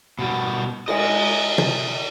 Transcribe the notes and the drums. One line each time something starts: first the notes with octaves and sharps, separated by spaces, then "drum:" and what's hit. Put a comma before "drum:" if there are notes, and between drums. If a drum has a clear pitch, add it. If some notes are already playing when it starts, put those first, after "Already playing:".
B2 G3
D#5 G#5, drum: cymbal
drum: tom